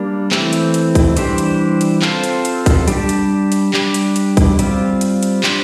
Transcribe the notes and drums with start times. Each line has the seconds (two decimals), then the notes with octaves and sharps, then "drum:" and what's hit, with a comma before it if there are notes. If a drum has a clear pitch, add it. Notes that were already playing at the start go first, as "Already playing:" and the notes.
Already playing: G3 A#3 D4
0.32 E3 A3 C4, drum: clap
0.53 drum: hi-hat
0.74 drum: hi-hat
0.95 drum: kick, hi-hat
1.17 E3 G3 D4 G4 C5, drum: hi-hat
1.38 drum: hi-hat
1.81 drum: hi-hat
2.02 C4 F4 A4 C5, drum: clap
2.24 drum: hi-hat
2.45 drum: hi-hat
2.66 drum: kick, hi-hat
2.88 G3 D4 G4, drum: hi-hat
3.09 drum: hi-hat
3.52 drum: hi-hat
3.74 G3 D4 G4, drum: clap
3.94 drum: hi-hat
4.16 drum: hi-hat
4.37 drum: kick, hi-hat
4.59 G3 C4 F4, drum: hi-hat
5.01 drum: hi-hat
5.23 drum: hi-hat
5.44 G3 D4 G4 C5, drum: clap